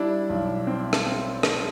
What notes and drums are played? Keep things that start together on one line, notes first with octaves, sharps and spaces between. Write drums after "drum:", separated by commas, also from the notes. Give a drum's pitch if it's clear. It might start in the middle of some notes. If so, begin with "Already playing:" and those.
Already playing: G3 D4 E4
B1
C4
drum: rim click
C4
drum: rim click